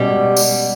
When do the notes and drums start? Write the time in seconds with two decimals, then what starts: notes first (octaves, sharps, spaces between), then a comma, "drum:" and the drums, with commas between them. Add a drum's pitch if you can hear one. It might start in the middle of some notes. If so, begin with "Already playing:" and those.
Already playing: B2 G3 G#3 C#4
0.37 drum: tambourine